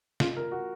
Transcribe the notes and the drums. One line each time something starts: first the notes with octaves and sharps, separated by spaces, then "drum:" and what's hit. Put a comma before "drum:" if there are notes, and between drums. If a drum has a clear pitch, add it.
F4, drum: snare
A#4
F#4